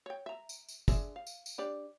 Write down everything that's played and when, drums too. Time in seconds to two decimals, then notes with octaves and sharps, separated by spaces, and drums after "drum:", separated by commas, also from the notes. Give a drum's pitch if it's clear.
0.06 C#5 G5
0.26 E5 A#5
0.49 drum: tambourine
0.69 drum: tambourine
0.88 D3 G#4 E5, drum: kick, tambourine
1.16 F5
1.27 drum: tambourine
1.46 drum: tambourine
1.58 D4 G4 D5